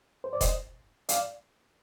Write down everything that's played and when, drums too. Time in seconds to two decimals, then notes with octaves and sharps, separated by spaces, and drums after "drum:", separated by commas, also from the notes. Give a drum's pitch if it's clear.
0.24 C5
0.33 D5
0.41 C5 D#5, drum: kick F1, hi-hat
1.09 D5 F5, drum: hi-hat